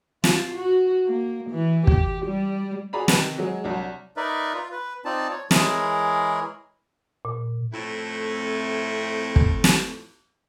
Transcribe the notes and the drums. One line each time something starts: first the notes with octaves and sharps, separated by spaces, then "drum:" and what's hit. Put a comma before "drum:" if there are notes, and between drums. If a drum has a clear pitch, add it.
F4, drum: snare
F#4
A#3
E3
G4, drum: kick
G3
F#4 G#4 D5 A#5 B5
C3 D#3 B4, drum: snare
F#3 G#3
C2 F#3 D4
D#4 A#4 B4 D5 E5
F4
B4
C4 D#4 F4 D5 A5
C#5
E3 G#3 E4 G#4 A#4 C#5, drum: snare
A#2
F2 A2 A3 C4 E4
drum: kick
drum: snare